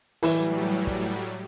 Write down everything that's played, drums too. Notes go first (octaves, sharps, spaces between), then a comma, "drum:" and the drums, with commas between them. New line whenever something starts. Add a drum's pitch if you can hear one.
A2 E3 F#3 G3, drum: open hi-hat
drum: kick